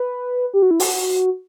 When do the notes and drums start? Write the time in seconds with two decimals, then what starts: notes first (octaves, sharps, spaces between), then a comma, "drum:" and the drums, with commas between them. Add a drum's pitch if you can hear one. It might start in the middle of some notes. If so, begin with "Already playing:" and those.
Already playing: B4
0.54 G4
0.62 F#4
0.71 E4
0.80 F#4, drum: open hi-hat